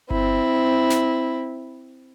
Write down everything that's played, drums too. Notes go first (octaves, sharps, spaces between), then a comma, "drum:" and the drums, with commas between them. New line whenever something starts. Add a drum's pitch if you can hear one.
C4 E4, drum: kick G1
drum: snare